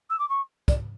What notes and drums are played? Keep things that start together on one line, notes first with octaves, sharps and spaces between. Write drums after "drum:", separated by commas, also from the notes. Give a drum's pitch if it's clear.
E6
D6
C#6
D5, drum: kick, hi-hat